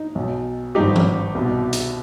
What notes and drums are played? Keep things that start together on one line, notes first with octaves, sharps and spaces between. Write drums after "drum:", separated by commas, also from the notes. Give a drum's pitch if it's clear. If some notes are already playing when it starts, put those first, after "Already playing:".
Already playing: D#4
B1 B2
G#1 G2 F3 D#4 G4
drum: tom E3
C2 B2
drum: hi-hat